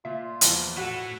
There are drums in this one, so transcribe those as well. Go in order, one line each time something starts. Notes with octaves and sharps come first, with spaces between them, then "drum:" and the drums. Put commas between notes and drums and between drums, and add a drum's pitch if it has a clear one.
A#2 F4 E5
E2 A#2 F3, drum: hi-hat
E4 F#4 A4 F#5